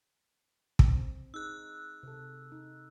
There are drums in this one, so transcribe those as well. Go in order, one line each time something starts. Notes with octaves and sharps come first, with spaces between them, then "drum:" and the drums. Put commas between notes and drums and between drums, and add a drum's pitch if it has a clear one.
C4, drum: kick
D#4 G#4 E6 F#6
C3 A4
D#4